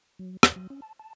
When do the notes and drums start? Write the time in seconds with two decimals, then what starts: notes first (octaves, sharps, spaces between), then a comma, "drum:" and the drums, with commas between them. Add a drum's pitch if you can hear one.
0.19 F#3
0.43 E2, drum: rim click
0.56 F#3
0.70 C#4
0.82 A5
0.99 A5